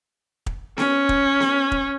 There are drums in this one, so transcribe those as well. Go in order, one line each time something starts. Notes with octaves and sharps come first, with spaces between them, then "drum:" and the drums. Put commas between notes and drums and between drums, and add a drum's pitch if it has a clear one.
drum: kick
C#4, drum: snare B3
drum: kick
drum: snare B3
drum: kick